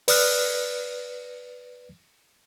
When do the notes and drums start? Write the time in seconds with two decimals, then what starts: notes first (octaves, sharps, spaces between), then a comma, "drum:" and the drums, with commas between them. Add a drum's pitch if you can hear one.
0.08 B4 D5 D#6 F6 F#6, drum: open hi-hat